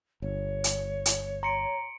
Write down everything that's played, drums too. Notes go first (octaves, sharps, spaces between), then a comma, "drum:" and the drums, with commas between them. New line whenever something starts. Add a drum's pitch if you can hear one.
G1 C#5
drum: hi-hat
drum: hi-hat
A#5 C6 C#7 D7